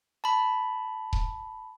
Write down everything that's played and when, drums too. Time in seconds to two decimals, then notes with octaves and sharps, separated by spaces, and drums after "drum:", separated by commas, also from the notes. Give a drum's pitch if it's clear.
0.24 A5 B5
1.13 drum: kick D#1